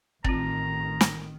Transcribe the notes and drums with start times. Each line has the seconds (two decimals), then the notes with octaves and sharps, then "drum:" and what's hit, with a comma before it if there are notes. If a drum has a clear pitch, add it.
0.24 A1 D#3 C4 F4 A#5, drum: kick
1.01 drum: snare